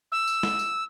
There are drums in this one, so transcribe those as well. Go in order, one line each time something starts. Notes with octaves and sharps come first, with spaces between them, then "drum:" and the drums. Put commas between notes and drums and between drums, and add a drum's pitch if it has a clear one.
E6
drum: tambourine
drum: snare
drum: tambourine